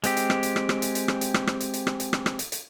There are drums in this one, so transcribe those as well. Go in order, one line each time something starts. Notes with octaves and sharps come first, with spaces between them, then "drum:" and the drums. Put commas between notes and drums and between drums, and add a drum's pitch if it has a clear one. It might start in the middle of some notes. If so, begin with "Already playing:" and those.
G#3 C4 G4, drum: hi-hat
drum: hi-hat
drum: rim click
drum: hi-hat
drum: rim click
drum: rim click
drum: hi-hat
drum: hi-hat
drum: rim click
drum: hi-hat
drum: rim click
drum: rim click
drum: hi-hat
drum: hi-hat
drum: rim click
drum: hi-hat
drum: rim click
drum: rim click
drum: hi-hat
drum: hi-hat